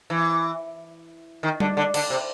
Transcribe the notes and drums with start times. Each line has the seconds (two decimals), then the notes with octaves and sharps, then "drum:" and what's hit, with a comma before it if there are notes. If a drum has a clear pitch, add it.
0.10 E3
1.43 D#3
1.60 D3, drum: tom G3
1.77 D3
1.94 D3, drum: cymbal
2.10 C3